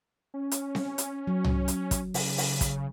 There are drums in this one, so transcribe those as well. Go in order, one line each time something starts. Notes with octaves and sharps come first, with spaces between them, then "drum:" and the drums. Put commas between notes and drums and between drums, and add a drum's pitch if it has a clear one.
C#4
drum: hi-hat
drum: snare C4
drum: hi-hat
F#3
drum: tom
drum: hi-hat
drum: kick, hi-hat
C#3, drum: open hi-hat
drum: open hi-hat
drum: kick, hi-hat